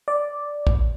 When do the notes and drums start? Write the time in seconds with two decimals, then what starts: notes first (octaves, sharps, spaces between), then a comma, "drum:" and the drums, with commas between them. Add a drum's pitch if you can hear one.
0.08 D5
0.67 drum: kick